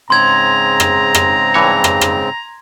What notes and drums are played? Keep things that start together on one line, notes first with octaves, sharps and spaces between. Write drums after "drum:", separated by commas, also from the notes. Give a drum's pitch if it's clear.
G#2 C#3 C4 A#5 C6 G#6
drum: rim click
drum: rim click
G2 E3 C#5
drum: rim click
drum: rim click